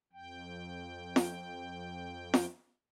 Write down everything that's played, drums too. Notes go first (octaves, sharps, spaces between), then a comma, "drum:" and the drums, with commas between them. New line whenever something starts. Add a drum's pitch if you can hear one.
F2 G5
drum: snare
drum: snare